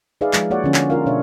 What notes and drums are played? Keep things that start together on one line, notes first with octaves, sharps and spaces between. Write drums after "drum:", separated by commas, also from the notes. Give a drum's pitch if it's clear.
D#4 G#4 B4 D5 E5 F5
F3 G#3, drum: clap
A#3 F4 F#4 C#5 D5 F#5
D3 F3 C#4
drum: clap
D#4 F4 A#4 D5 F5
B2 D4 C#5 E5